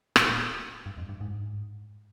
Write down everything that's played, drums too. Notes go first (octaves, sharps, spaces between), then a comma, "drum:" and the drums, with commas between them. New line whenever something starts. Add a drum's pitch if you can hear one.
A#2, drum: rim click
G2
F2
G2
G#2